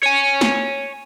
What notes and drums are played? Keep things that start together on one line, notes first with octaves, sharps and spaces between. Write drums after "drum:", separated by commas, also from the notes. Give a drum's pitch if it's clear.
C#5 G#5
drum: snare